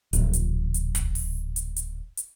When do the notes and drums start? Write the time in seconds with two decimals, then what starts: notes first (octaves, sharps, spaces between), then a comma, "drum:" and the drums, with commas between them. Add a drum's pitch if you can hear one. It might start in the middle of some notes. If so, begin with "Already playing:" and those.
0.13 D1 A#1, drum: hi-hat
0.33 drum: hi-hat
0.74 drum: hi-hat
0.95 drum: kick, hi-hat
1.15 drum: open hi-hat
1.56 drum: hi-hat
1.76 drum: hi-hat
2.17 drum: hi-hat